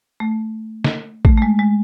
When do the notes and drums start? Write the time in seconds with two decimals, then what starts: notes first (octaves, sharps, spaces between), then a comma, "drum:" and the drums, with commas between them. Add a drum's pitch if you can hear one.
0.20 A3
0.84 drum: snare
1.25 A3, drum: kick A1
1.37 A3
1.42 G#3
1.59 G#3